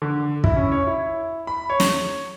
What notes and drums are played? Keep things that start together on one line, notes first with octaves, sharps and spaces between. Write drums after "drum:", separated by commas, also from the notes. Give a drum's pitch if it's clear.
D3
E4, drum: kick
C#4
C#5
E4
B5
C#5
drum: snare